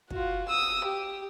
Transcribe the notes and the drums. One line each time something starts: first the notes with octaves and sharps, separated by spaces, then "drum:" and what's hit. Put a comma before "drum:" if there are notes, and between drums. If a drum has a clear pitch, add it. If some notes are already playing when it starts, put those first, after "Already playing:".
F4 F#4, drum: kick
D#6 E6
G4